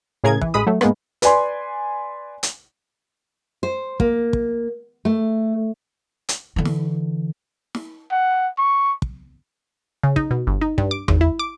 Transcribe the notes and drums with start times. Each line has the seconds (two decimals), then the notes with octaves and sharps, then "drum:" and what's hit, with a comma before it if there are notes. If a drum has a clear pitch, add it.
0.24 A2 C#3 G#4 A#4 G#6
0.41 E3, drum: kick
0.54 A1 G#3 B5 D#6
0.67 F#3 A3
0.81 G#2 G#3 A#3 B3, drum: rim click
1.22 B4 D5 G#5 C6, drum: hi-hat
2.43 drum: hi-hat
3.63 C5
4.00 A#3, drum: kick
4.33 drum: kick
5.05 A3
6.29 drum: hi-hat
6.56 D3 E3
6.65 drum: snare
7.75 drum: snare
8.12 F#5
8.58 C#6
9.02 drum: kick
10.03 C#3
10.16 D#4, drum: kick
10.31 B2
10.47 G1
10.61 D#4
10.78 G2, drum: kick
10.91 D6
11.08 G#1, drum: tom E2
11.21 E4
11.39 D6